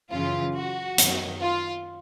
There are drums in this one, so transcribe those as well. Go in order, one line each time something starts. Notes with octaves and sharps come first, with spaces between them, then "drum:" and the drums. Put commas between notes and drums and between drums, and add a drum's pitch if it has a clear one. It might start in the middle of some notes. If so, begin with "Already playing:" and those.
F#2 C#3 E3 F4
F#4
F#2 D#3, drum: hi-hat
F4